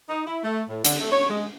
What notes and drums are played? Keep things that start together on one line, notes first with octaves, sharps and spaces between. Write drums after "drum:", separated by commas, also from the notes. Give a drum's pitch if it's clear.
D#4
E4
A3
A2
D3, drum: hi-hat
A3
C#5
G#3